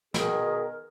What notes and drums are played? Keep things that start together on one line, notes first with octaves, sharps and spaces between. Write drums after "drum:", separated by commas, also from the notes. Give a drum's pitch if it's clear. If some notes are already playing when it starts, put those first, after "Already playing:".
B2 D#3 G#4 A#4, drum: snare